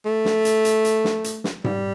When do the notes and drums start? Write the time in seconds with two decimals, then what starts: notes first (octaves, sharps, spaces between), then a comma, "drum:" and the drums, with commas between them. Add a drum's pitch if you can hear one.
0.06 A3
0.25 drum: snare
0.45 drum: hi-hat
0.65 drum: hi-hat
0.85 drum: hi-hat
1.04 drum: snare
1.24 drum: hi-hat
1.44 drum: snare
1.64 G3, drum: tom G#2